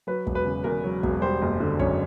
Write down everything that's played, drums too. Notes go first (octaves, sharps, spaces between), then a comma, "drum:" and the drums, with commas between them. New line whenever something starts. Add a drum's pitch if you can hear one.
F#3 B4
E1, drum: kick
B4
C#3
E2 A#4
F#3
E1, drum: kick
G3 C5
F#1
D3
F#2 C#5, drum: kick